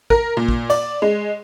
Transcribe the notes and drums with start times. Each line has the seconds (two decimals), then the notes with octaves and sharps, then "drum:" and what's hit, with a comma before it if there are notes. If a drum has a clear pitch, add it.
0.10 A#4, drum: kick
0.37 A#2
0.48 drum: kick
0.70 D5, drum: cymbal
1.02 G#3